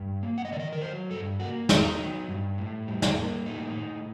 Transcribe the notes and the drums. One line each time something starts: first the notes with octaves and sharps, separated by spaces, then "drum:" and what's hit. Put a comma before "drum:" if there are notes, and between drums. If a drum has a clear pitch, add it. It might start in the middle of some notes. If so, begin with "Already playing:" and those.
Already playing: G2
A#3
F#5
D#5
D#3 D5
D#5
A#4
F#3 C5
G2 A4
A#3 F#4
D#3 D#4, drum: snare
F#3
G2
A2
G3
drum: snare
A#3
A2 D#4
A2